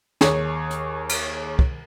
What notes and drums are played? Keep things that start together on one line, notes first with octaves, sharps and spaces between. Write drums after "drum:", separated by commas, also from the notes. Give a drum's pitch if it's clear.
D#2 G#4 C#5, drum: snare
drum: hi-hat
drum: cymbal
drum: kick